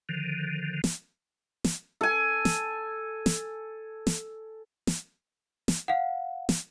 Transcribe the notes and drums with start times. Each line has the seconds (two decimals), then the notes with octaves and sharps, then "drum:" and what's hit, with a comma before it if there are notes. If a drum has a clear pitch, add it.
0.09 D3 D#3 F3
0.84 drum: snare
1.64 drum: snare
2.01 A4 G#5
2.45 drum: snare
3.26 drum: snare
4.07 drum: snare
4.87 drum: snare
5.68 drum: snare
5.88 F5 F#5
6.49 drum: snare